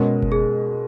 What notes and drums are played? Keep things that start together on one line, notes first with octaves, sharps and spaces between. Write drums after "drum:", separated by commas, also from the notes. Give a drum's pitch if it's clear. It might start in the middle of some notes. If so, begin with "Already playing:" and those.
Already playing: B2 G#3 C#4 A#4
drum: kick F#1
G#4